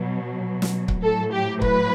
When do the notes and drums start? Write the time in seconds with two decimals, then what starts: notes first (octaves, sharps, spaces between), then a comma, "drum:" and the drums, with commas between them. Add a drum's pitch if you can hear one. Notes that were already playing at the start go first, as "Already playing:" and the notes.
Already playing: B2 F#3
0.62 drum: snare
0.88 drum: kick C#1
1.02 A2 F#3 A4
1.32 G4
1.62 B4, drum: kick C#1